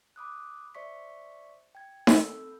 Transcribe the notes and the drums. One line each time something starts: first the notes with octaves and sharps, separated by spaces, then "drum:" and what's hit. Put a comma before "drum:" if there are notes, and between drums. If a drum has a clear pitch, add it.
B5 D6 D#6 F#6
C5 D5 E5 C#6 B6
G5 G#6
C4 A4 B5 E6 G6, drum: snare D#4